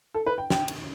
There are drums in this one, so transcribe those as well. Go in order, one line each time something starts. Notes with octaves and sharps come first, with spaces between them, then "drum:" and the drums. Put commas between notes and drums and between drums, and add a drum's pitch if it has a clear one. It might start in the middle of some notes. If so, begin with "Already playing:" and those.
A4
B4
G5
G5, drum: snare
drum: cymbal